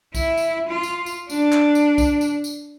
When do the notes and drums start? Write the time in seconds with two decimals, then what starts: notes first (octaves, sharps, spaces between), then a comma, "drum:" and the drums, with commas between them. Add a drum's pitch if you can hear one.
0.15 E4, drum: kick, tambourine
0.38 drum: tambourine
0.69 F4
0.83 drum: tambourine
1.06 drum: tambourine
1.30 D4, drum: tambourine
1.52 drum: clap
1.75 drum: tambourine
1.98 drum: kick, tambourine
2.21 drum: tambourine
2.44 drum: tambourine